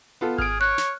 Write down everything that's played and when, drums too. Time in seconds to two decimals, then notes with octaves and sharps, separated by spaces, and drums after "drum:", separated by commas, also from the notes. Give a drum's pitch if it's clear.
0.21 B3 F4 A4
0.38 G#4 F6 D7, drum: kick G#1
0.61 C#5 F#6
0.78 drum: snare